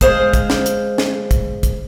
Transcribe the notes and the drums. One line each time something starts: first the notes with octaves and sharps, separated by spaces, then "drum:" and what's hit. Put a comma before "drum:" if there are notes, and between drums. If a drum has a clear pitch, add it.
G#3 G#4 C5 F5, drum: kick, hi-hat
drum: kick, hi-hat
drum: snare
drum: hi-hat
drum: snare
drum: kick, hi-hat
drum: kick, hi-hat